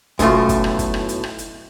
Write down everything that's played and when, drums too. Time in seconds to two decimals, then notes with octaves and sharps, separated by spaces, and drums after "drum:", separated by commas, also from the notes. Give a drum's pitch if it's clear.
0.19 B1 F#2 A2 A3 F4, drum: kick, hi-hat
0.49 drum: kick, hi-hat
0.64 drum: rim click
0.79 drum: kick, hi-hat
0.94 drum: rim click
1.09 drum: hi-hat
1.24 drum: rim click
1.38 drum: hi-hat